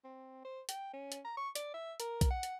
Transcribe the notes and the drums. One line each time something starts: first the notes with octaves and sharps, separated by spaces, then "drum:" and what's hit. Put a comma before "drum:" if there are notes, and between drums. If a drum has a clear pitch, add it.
C4
C5
G5, drum: hi-hat
C#4
drum: hi-hat
A#5
C#6
D5, drum: hi-hat
E5
A#4, drum: hi-hat
drum: kick, hi-hat
F#5
drum: hi-hat